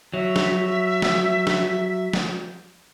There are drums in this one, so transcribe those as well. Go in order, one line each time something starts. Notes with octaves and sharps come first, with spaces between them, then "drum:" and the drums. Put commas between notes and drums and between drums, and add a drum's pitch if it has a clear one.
F#3 E5
drum: snare
drum: snare
drum: snare
drum: snare